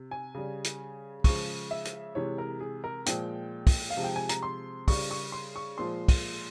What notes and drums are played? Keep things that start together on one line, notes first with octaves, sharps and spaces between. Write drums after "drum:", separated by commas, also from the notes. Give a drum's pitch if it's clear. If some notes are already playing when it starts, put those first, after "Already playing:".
Already playing: C3
G#5
C#3 G3
drum: hi-hat
C#3 F3 G#3 C#6, drum: kick, open hi-hat
E5
drum: hi-hat
C3 E3 G#3 C#5
A#4
G#4
A#4
A#2 F3 G#3 G5, drum: hi-hat
drum: kick, open hi-hat
F5
C3 F3 G#3
G5
G#5
A#5, drum: hi-hat
C6
C#3 G3 C#6, drum: kick, open hi-hat
C#6
C6
C#6
A#2 F3 G#3 C6
drum: kick, open hi-hat